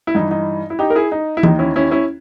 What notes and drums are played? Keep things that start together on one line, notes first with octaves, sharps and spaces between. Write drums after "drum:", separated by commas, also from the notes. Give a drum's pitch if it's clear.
E4
G2 E3 D#4
D#4
E4
D#4 G4
A#4
E4 G#4
D#4
E4
D#2 D#3 D#4, drum: tom E3
C#4 E4
C#4 E4
C#4 E4